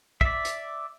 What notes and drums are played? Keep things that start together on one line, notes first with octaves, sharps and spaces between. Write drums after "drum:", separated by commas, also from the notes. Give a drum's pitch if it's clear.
D5 E5, drum: kick
drum: hi-hat